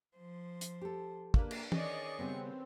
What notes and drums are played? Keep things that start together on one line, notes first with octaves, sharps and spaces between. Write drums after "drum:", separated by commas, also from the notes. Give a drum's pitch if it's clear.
F3 C5
drum: hi-hat
G4 A4
A#3 D4 B4, drum: kick
drum: cymbal
D#3 C#4 G#4 D5 D#5 C#6, drum: tom
C#3 G3 B3 C4 B4